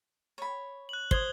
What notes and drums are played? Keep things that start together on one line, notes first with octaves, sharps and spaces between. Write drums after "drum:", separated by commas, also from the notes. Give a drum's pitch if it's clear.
C#5 B5
F#6 F#7
C5 D#6 G#6 G7, drum: kick